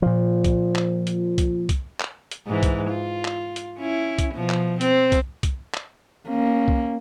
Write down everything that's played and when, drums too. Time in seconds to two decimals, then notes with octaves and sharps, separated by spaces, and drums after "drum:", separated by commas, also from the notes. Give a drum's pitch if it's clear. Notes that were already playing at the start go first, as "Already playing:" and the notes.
0.02 A#2 F3
0.44 drum: kick C2, hi-hat
0.76 drum: clap
1.07 drum: hi-hat
1.38 drum: kick C2, hi-hat
1.69 drum: kick C2, hi-hat
2.00 drum: clap
2.31 drum: hi-hat
2.47 G#2 E3
2.63 drum: kick C2, hi-hat
2.90 F4
3.25 drum: clap
3.56 drum: hi-hat
3.79 C#4 E4
4.19 drum: kick C2, hi-hat
4.34 B2 F3
4.50 drum: clap
4.81 C4, drum: hi-hat
5.12 drum: kick C2, hi-hat
5.43 drum: kick C2, hi-hat
5.74 drum: clap
6.28 A#3 C#4
6.68 drum: kick C2